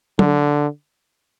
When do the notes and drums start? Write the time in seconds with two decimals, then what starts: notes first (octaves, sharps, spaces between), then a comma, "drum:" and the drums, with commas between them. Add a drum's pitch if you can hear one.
0.19 D3, drum: tom